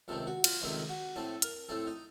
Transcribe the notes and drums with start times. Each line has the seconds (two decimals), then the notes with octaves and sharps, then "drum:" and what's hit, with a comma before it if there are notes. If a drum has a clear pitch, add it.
0.08 C#2 C3 D#3 A3 C4 A4
0.27 F#4
0.44 F4, drum: cymbal
0.62 C#2 C3 D#3 A3 C4 D#4
0.89 F#4
1.16 A2 A3 C4 A4
1.42 A#4, drum: hi-hat
1.69 A2 A3 C4 A4
1.87 D#4